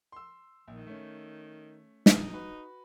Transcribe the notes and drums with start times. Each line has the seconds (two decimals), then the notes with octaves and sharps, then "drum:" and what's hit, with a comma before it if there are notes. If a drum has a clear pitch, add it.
0.12 C6 E6
0.68 A#1 D#3
0.87 A3 C#4
2.06 A#1 F2 D#4, drum: snare
2.33 F#4 B4